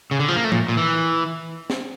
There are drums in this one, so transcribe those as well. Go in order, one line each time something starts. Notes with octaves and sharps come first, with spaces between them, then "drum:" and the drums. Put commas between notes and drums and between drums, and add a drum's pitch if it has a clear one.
C#3
D3
F3
A#3
A3
A#2, drum: tom F3
A#2
E3
drum: snare